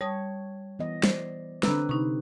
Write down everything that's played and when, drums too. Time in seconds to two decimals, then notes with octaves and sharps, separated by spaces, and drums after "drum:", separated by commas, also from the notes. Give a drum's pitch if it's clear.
0.01 G3 C#5 A5 D#6
0.79 E3 B3 D#5
1.03 C5 D5, drum: snare
1.63 D3 C4 D4 B4 A#5 E6, drum: snare
1.89 C3 D#4 C#6